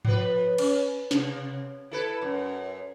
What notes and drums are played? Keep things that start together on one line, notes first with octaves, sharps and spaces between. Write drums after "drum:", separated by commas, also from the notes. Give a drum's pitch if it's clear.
F3 B4, drum: tom G2
C#4, drum: cymbal
C3, drum: snare
E4 A4 B4
F#2